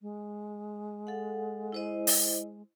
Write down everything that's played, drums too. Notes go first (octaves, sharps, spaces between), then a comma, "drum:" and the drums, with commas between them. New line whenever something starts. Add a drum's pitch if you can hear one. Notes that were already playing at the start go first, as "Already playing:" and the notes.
G#3
A4 F5 F#5
E4 C5 D#5
drum: open hi-hat